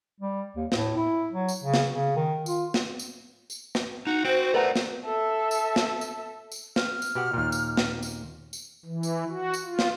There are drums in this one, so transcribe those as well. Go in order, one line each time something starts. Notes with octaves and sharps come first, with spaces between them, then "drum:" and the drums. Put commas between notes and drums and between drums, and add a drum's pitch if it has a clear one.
G3
D#2
A2, drum: snare
E4
F#3
drum: tambourine
C#3
drum: snare
C#3
D#3
F4, drum: tambourine
drum: snare
drum: tambourine
drum: tambourine
drum: snare
D#4 F#4
C4 F#4 C5
A3 A#4 B4 D5 F#5 A#5
drum: snare
A4 E5
drum: tambourine
drum: snare
drum: tambourine
drum: tambourine
F6, drum: snare
drum: tambourine
B2 G4 F#5
D#2 A#2
drum: tambourine
drum: snare
drum: tambourine
drum: tambourine
E3
drum: tambourine
F#4
drum: tambourine
F4
drum: snare